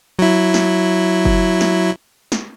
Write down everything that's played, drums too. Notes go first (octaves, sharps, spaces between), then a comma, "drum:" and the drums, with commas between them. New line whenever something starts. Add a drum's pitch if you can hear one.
F#3 E4
drum: snare
drum: kick F#1
drum: snare
drum: snare